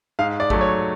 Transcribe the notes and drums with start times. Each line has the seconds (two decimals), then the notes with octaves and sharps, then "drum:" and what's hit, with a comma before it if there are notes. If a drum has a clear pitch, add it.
0.19 G#2 F5
0.40 D5
0.50 F#3 A3, drum: kick A1
0.61 C#5